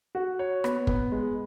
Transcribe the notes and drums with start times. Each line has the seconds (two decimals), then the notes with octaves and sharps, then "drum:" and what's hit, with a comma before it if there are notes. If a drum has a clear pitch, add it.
0.15 F#4
0.39 C#5
0.64 B3, drum: rim click
0.87 B3, drum: kick
1.12 G#3